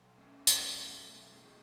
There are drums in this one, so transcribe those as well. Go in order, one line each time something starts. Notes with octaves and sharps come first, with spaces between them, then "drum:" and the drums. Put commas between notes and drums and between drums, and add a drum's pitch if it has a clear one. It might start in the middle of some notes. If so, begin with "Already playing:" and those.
Already playing: B2 F#3
A3 C#4
B2 F#3, drum: tambourine
B2 G#3